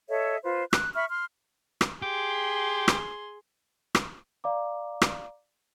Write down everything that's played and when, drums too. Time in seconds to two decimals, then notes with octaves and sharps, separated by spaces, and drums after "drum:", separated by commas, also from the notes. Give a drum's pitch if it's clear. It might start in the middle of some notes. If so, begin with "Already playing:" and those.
0.09 A4 C#5 D#5 E5
0.43 F4 B4 C5
0.73 F#6, drum: rim click
0.95 E5 B5 C#6 F6
1.09 C6 F6
1.81 drum: rim click
2.02 G4 G#4 C6
2.88 drum: rim click
3.95 drum: rim click
4.44 D5 F5 A#5 D6
5.02 drum: rim click